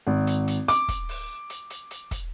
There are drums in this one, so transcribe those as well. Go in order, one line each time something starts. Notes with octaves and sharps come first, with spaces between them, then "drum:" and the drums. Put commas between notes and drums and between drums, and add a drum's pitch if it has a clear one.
G#1
drum: hi-hat
drum: hi-hat
D6, drum: hi-hat
drum: kick, hi-hat
drum: open hi-hat
drum: hi-hat
drum: hi-hat
drum: hi-hat
drum: kick, hi-hat